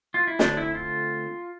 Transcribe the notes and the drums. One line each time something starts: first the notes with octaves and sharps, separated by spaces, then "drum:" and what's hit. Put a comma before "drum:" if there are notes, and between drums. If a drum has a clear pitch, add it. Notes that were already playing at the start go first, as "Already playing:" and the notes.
F4
E4
D3 A3 C4 D4, drum: snare
E4
F4